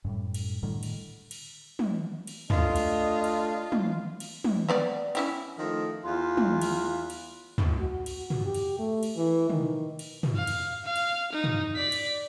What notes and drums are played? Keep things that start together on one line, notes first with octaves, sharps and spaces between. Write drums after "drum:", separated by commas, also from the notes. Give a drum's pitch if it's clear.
F#2 A2 G3
drum: cymbal
A2 D3 D#3 G3
drum: cymbal
drum: cymbal
drum: tom
drum: cymbal
A3 D4 F4 D#5, drum: tom
drum: cymbal
drum: cymbal
drum: tom
drum: cymbal
drum: tom
G3 B3 D5
C#4 E4 G4, drum: cymbal
D#3 F3 A3
E2 F4
drum: tom
drum: cymbal
drum: cymbal
drum: tom
F#4
drum: cymbal
F#4
drum: tom
G4
drum: cymbal
A3
drum: cymbal
E3
D#3, drum: tom
drum: cymbal
drum: tom
F5
drum: cymbal
F5
drum: cymbal
D#4
drum: tom
D5 B6
drum: cymbal